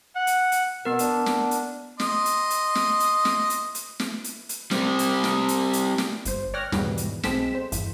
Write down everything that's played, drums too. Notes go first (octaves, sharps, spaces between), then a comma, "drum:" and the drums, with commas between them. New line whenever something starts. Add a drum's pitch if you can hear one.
F#5
drum: hi-hat
drum: hi-hat
B2 B3 A#4
D4, drum: hi-hat
drum: snare
drum: hi-hat
D#5 C6, drum: snare
drum: hi-hat
drum: hi-hat
drum: snare
drum: hi-hat
drum: snare
drum: hi-hat
drum: hi-hat
drum: snare
drum: hi-hat
drum: hi-hat
G3 C4, drum: snare
drum: hi-hat
drum: snare
drum: hi-hat
drum: hi-hat
drum: snare
G1 C5, drum: hi-hat
C#5 D5 G5 F6 F#6 A#6
E2 G#2 B2 D#3 E3 G3, drum: snare
drum: hi-hat
B1 G#3 C4 A4 B6 E7, drum: snare
C5
G1 E2, drum: hi-hat